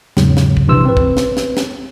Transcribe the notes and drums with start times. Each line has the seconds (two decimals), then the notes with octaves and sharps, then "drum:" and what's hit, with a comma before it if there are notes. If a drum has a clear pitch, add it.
0.17 E2 G#2 C#3 F#3, drum: snare
0.37 drum: snare
0.57 drum: kick
0.68 A#1 G2 C3 E3 C6 E6
0.85 C4 B4
0.97 drum: kick
1.17 drum: snare
1.37 drum: snare
1.57 drum: snare